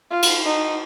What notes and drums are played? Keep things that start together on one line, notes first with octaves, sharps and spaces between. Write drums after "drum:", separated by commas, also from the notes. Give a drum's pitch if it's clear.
F4
drum: cymbal
D#4